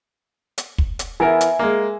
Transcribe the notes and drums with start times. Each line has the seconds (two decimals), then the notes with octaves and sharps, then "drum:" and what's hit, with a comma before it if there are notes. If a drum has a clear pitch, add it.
0.58 drum: hi-hat
0.78 drum: kick
0.99 drum: hi-hat
1.20 E3 B3 A#4 E5 G#5
1.41 drum: hi-hat
1.59 G#3 A#3